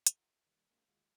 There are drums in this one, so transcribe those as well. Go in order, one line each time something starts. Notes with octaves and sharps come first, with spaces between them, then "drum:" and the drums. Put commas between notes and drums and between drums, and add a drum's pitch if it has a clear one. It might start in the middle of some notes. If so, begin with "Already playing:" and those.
F4 A4 E5 F#5 A#5 C6, drum: hi-hat
D#3 G3 A#3
G#3 A#3 C4 D4 F#4
D#2 G#3 F4 F#4 C6 D6